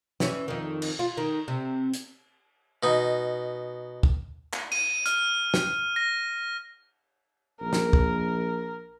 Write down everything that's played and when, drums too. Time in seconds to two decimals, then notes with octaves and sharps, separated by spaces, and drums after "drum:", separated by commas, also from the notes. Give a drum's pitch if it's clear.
0.20 E3 C#4, drum: snare
0.48 F2 D#3
0.82 drum: cymbal
0.99 F4
1.17 D#3
1.48 C3
1.94 drum: hi-hat
2.83 B2 D#4
4.03 drum: kick
4.53 drum: clap
4.72 D#7, drum: cymbal
5.06 F6, drum: hi-hat
5.54 drum: snare
5.96 A#6
7.61 A#1 A#4
7.73 drum: snare
7.93 drum: kick